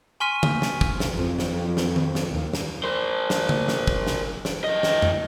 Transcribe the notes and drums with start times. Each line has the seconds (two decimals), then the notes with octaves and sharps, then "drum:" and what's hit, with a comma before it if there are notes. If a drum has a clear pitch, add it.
0.20 G#5 C6 C#6 F6 B6 D#7
0.43 drum: tom C#3
0.62 drum: snare
0.81 drum: kick
1.00 drum: snare
1.12 F2
1.39 drum: snare
1.77 drum: snare
1.96 drum: tom D#3
2.15 drum: snare
2.29 D#2
2.53 drum: snare
2.84 A#4 C5
3.30 drum: snare
3.49 drum: tom C#3
3.68 drum: snare
3.87 drum: kick
4.07 drum: snare
4.45 drum: snare
4.64 E3 D#5
4.83 drum: snare
5.02 drum: tom F2